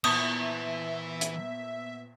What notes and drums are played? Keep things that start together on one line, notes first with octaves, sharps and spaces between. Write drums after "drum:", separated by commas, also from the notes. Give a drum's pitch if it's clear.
A#2 E3 B3 E5 D#6, drum: cymbal
drum: hi-hat